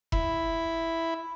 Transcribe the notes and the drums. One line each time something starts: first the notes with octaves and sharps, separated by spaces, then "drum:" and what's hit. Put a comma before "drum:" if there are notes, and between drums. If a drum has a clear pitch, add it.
E4, drum: kick F1